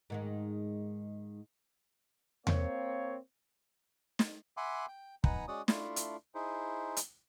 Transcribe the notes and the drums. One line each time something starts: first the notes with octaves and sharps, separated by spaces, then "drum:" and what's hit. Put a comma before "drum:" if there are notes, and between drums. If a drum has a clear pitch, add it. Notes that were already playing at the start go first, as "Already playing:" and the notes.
G#2 D#3 G#3
A#3 C4 C#5, drum: tom E2
drum: snare
E5 F#5 G#5 B5 C6 D6
G5
D#4 B4 F#5 G#5 A#5, drum: kick
G#3 C#4 F#4 D5 D#6
A3 D4 E4 F4, drum: snare
drum: hi-hat
D#4 E4 G#4 C5
drum: hi-hat